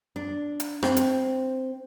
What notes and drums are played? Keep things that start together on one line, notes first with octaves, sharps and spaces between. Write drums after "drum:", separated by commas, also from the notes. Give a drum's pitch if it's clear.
D4
drum: hi-hat
C4, drum: rim click
drum: hi-hat